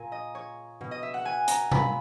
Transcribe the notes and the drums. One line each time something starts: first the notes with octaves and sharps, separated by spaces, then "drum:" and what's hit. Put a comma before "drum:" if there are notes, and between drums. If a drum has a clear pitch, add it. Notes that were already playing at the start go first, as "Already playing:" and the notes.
Already playing: A#2 G#5 A#5
D#5
C#5
B2
D#5
E5
F#5
G#5
A#5, drum: hi-hat
A#2 B5, drum: tom B2